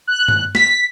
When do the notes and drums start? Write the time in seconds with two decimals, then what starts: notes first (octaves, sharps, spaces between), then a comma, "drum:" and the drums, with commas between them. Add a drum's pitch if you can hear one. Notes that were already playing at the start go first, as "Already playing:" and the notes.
0.07 F#6
0.28 drum: tom
0.55 B6, drum: snare